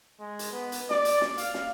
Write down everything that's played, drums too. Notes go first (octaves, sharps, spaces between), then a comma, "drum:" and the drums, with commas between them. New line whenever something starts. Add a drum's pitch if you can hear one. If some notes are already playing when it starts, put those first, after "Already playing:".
G#3
drum: hi-hat
B3
drum: hi-hat
D5, drum: snare
drum: hi-hat
drum: snare
F5, drum: hi-hat
drum: snare